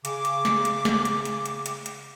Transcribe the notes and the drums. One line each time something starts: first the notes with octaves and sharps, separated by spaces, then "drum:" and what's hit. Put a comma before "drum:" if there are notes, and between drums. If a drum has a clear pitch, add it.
C#3 D6, drum: hi-hat
drum: hi-hat
drum: snare
drum: hi-hat
drum: snare
drum: hi-hat
drum: hi-hat
drum: hi-hat
drum: hi-hat
drum: hi-hat